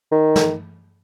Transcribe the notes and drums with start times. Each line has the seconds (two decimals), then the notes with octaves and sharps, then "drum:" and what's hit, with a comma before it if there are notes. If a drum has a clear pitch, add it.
0.12 D#3
0.36 drum: snare